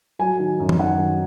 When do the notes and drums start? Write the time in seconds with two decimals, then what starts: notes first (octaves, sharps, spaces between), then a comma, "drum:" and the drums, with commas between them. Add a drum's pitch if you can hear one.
0.19 F#3 G#5
0.39 D#3
0.60 F#2
0.69 drum: tom E3
0.79 D#3 F#5
0.99 D#3